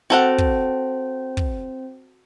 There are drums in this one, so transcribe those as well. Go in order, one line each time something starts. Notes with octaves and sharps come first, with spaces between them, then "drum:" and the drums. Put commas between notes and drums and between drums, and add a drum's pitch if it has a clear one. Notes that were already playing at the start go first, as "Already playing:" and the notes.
C4 F#4 A4 C5 F#5
drum: kick
drum: kick